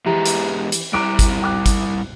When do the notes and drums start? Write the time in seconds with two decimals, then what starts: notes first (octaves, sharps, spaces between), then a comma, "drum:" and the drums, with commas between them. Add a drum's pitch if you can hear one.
0.06 E2 E3 G#3 G4 A#5
0.26 drum: hi-hat
0.72 drum: hi-hat
0.93 G3 E4 A#5 D6 F#6 D7
1.19 drum: kick, hi-hat
1.42 G5 D6 F#6
1.66 drum: kick, hi-hat